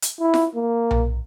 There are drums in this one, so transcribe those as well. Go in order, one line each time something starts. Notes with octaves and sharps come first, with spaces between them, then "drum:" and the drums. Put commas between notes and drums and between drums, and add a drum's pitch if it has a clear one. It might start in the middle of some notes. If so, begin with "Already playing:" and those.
drum: hi-hat
E4
drum: snare F4
A#3
drum: tom B1